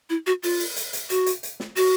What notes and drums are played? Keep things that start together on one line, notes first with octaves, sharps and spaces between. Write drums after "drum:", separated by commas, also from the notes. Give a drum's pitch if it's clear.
E4
F#4
F4, drum: open hi-hat
drum: open hi-hat
drum: hi-hat
drum: hi-hat
F#4, drum: hi-hat
drum: hi-hat
drum: hi-hat
drum: snare
F#4, drum: open hi-hat